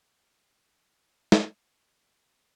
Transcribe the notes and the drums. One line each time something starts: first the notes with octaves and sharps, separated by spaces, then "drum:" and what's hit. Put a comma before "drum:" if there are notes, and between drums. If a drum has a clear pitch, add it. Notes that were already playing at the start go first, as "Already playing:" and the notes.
A#3 F4 F#4 A#4
drum: snare